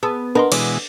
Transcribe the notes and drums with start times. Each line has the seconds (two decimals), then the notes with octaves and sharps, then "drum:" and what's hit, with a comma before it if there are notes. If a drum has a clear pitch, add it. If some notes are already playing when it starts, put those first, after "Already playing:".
0.03 B3 G#4 A5 E6
0.35 B3 D4 A#4 D#5 C6
0.52 B2 E3 G#3 D5, drum: cymbal